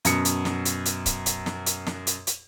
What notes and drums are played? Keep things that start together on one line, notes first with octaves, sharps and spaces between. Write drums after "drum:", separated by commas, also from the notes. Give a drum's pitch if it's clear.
F#2 B2 C#7, drum: hi-hat
drum: hi-hat
drum: snare
drum: hi-hat
drum: hi-hat
drum: kick C#1, hi-hat
drum: hi-hat
drum: snare
drum: hi-hat
drum: snare
drum: hi-hat
drum: hi-hat